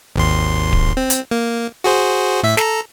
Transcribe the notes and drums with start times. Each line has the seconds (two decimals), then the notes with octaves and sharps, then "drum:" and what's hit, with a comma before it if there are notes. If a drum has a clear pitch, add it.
0.16 G#1 D#2 C6
0.73 drum: kick D1
0.97 C4
1.10 drum: hi-hat
1.31 A#3
1.84 F#4 G#4 C5
2.43 A2 E5 B6
2.57 A4 A#5, drum: snare